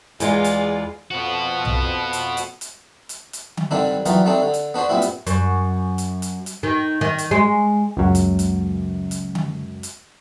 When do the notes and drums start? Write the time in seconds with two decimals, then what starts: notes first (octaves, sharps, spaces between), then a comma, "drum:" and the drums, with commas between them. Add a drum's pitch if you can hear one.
0.20 E2 G#3 F4 D5, drum: hi-hat
0.44 drum: hi-hat
1.11 F2 F3 B3 F#4
1.65 drum: tom B1
2.13 drum: hi-hat
2.37 drum: hi-hat
2.61 drum: hi-hat
3.09 drum: hi-hat
3.33 drum: hi-hat
3.57 drum: tom D3
3.71 G2 D3 D#3 G3 C4 D4
4.06 D#3 E3 F#3 G3 B3 F4, drum: hi-hat
4.26 G3 A3 C4 D4 D#4
4.42 D3
4.54 drum: hi-hat
4.74 B3 D4 F#4 C5
4.89 G2 A#2 B3 C4 E4
5.02 drum: hi-hat
5.27 F#2, drum: hi-hat
5.98 drum: hi-hat
6.22 drum: hi-hat
6.46 drum: hi-hat
6.63 D#3
7.01 D#3
7.18 drum: hi-hat
7.31 G#3
7.97 C#2 F#2
8.15 drum: hi-hat
8.39 drum: hi-hat
9.11 drum: hi-hat
9.35 drum: tom D3
9.83 drum: hi-hat